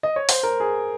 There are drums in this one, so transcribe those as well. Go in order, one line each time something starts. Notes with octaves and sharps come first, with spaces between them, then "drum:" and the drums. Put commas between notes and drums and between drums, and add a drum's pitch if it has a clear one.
D#5
C#5
C5, drum: open hi-hat
A#4
G#4